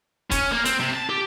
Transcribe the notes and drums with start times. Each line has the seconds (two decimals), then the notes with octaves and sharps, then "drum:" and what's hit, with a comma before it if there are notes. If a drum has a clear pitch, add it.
0.31 C#4, drum: kick E1, hi-hat
0.53 A#3
0.65 C4, drum: hi-hat
0.81 C3
0.94 A5
1.09 G4